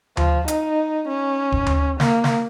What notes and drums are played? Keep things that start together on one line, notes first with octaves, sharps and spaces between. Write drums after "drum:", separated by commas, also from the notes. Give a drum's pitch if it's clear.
F3, drum: tom D2
D#4, drum: hi-hat
C#4
drum: kick
drum: tom D2
A#3, drum: snare
drum: snare